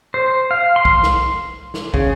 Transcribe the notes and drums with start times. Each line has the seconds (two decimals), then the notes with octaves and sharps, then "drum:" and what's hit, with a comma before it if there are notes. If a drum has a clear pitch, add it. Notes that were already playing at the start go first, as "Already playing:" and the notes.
0.14 C5
0.51 F5
0.76 C6
0.85 drum: kick
1.03 drum: snare
1.74 drum: snare
1.94 C#3, drum: kick